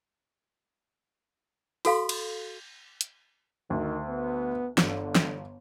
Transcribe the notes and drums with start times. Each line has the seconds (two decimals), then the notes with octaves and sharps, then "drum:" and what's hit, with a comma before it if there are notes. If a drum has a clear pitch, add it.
1.85 F#4 A4 F5 C6, drum: open hi-hat
2.09 drum: cymbal
3.01 drum: hi-hat
3.70 D2 D#3
4.08 B3
4.78 G1 D3, drum: snare
5.15 drum: snare